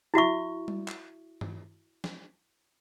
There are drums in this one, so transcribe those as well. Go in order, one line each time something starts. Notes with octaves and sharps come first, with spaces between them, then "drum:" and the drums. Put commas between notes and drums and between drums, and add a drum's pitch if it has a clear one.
E4 F#4 E5 C#6
drum: tom G3
drum: clap
drum: tom
drum: snare